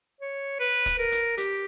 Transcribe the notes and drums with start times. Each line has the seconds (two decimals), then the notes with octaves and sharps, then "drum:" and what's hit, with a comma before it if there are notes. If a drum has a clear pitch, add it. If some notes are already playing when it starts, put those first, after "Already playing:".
0.21 C#5
0.60 B4
0.86 drum: kick, hi-hat
0.99 A#4
1.12 drum: hi-hat
1.37 G4, drum: hi-hat